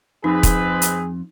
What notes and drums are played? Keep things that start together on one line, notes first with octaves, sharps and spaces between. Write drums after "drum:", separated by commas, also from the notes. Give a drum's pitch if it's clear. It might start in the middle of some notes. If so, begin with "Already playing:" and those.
F2 G#2 C4 D#4 G#4 B4
drum: kick E1, hi-hat
drum: hi-hat